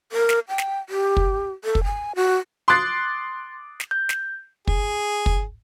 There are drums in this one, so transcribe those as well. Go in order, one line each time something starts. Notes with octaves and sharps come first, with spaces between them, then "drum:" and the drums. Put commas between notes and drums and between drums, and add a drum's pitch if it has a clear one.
A#4
drum: snare
G5
drum: snare
G4
drum: kick
A4
drum: kick
G#5
F#4
C6 D6 D#6 F#6 A6 C7
drum: snare
G6
drum: snare
G#4, drum: kick
drum: kick